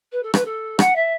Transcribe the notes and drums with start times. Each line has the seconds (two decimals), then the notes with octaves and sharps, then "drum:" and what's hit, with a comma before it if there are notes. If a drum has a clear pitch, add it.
0.11 B4
0.22 A4
0.34 B4, drum: rim click
0.44 A4
0.79 F#5, drum: rim click
0.95 E5